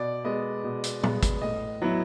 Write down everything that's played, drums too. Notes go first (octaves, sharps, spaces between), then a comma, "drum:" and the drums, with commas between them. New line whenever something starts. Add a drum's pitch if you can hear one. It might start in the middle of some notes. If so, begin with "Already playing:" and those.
Already playing: B2 D5
G#3 B3 D#5
B2
drum: hi-hat
G#3 B3, drum: tom A#2
drum: kick, hi-hat
A2 D#5
F#3 B3 E4